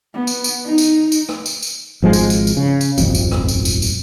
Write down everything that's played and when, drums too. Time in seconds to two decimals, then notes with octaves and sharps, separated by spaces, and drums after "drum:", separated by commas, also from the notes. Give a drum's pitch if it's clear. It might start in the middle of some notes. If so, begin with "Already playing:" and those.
0.14 B3
0.27 drum: tambourine
0.44 drum: tambourine
0.65 D#4
0.78 drum: tambourine
1.12 drum: tambourine
1.29 drum: rim click
1.46 drum: tambourine
1.62 drum: tambourine
2.02 G#1 F3 G#3
2.13 drum: tambourine
2.30 drum: tambourine
2.47 drum: tambourine
2.57 C#3
2.81 drum: tambourine
2.98 D#1 G#1 F2, drum: tambourine
3.15 drum: tambourine
3.31 drum: rim click
3.48 drum: tambourine
3.65 drum: tambourine
3.82 drum: tambourine